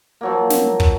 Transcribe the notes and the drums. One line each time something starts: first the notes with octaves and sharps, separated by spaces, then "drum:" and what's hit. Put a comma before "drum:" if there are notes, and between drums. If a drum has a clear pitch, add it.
F3 F#3 A#3
drum: snare
drum: kick